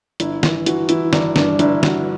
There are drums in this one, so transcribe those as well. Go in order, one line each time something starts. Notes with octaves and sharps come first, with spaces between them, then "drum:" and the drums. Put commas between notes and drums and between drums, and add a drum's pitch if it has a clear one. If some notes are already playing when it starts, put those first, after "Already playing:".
G1 E4, drum: hi-hat
E3, drum: snare
E3 F#4, drum: hi-hat
E3 E4, drum: hi-hat
G1 D4, drum: snare
G2 D4, drum: snare
G1 E4, drum: hi-hat
G1 F#4, drum: snare